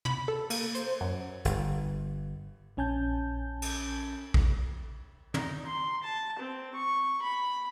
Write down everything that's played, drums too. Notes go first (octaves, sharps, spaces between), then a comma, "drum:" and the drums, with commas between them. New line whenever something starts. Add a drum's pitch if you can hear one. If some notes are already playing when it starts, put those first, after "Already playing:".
B5, drum: tom
A4
A#3, drum: cymbal
C5, drum: hi-hat
F#2
G1, drum: hi-hat
A#1 C#4 G#5 A5 G6
drum: cymbal
drum: kick A1
D#4, drum: tom
C6
A5
C4
C#6
B5